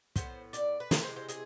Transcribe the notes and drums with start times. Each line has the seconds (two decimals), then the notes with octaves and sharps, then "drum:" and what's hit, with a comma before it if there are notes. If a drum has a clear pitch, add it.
0.16 A2 G#3 B3 C5, drum: kick, hi-hat
0.53 D5, drum: hi-hat
0.80 B4
0.91 C3 E3 G#3 C5, drum: snare
1.04 C5
1.16 C5
1.28 G#4, drum: hi-hat